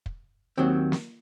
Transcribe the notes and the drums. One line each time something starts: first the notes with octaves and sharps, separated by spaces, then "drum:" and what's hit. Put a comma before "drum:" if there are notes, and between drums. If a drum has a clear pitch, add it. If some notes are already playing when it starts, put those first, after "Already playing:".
drum: kick
D#2 D#3 F#3 C4
drum: snare